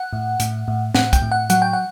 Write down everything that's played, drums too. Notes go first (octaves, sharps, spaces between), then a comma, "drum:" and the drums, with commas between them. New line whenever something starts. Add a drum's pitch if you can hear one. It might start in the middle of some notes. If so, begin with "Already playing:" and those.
Already playing: F#5
A2
A2, drum: hi-hat
A2
A2 F#5, drum: snare
G5, drum: kick, hi-hat
A2
F#5
F#3 F#5, drum: hi-hat
G5
F#5